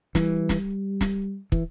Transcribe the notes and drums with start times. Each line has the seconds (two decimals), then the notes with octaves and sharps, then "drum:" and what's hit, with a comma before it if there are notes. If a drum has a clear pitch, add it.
0.15 E3 G3, drum: snare
0.49 drum: snare
1.01 drum: snare
1.52 E3, drum: kick